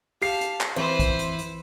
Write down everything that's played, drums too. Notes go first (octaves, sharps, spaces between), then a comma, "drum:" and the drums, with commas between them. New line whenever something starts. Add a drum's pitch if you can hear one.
G4 F5 A5 C7, drum: open hi-hat
drum: hi-hat
drum: clap
E3 C4 B4 C5
drum: kick, hi-hat
drum: hi-hat
drum: hi-hat